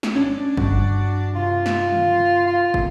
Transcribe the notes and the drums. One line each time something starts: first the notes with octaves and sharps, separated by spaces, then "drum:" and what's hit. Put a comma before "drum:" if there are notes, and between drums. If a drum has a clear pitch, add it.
drum: snare
C#4 D4
G2 F#4, drum: kick
C3 F4
drum: snare
drum: tom
F4
drum: kick